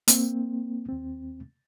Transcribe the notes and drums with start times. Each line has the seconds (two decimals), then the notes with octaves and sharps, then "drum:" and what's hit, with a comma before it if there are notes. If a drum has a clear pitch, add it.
0.08 A#3 C4, drum: hi-hat
0.89 D#2 C4